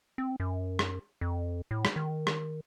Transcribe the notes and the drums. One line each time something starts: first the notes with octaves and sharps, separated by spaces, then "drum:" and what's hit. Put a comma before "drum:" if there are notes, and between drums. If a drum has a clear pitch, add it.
C4
F#2
drum: rim click
F2
A2
drum: rim click
D#3
drum: rim click